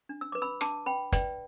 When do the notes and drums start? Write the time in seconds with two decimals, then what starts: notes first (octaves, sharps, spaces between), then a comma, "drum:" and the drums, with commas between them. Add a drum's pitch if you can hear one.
0.09 D4
0.21 E6
0.32 B4 D6
0.42 B5 E6
0.61 D4 A5 D6, drum: rim click
0.86 B4 G5 B5
1.12 B4 D5 G5, drum: kick, hi-hat